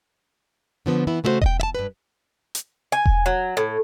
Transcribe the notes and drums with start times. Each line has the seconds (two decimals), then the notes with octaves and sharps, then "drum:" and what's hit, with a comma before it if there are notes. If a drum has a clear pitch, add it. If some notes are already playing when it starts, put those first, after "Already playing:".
0.86 D3 F3 B3
1.07 E3 B3 E4
1.24 C#3 A3 E4 F#4 C5
1.42 D#5 G5, drum: kick E1
1.60 E5 A5
1.75 G2 B4
2.55 drum: hi-hat
2.92 G#5
3.06 drum: kick E1
3.26 F#3
3.57 A2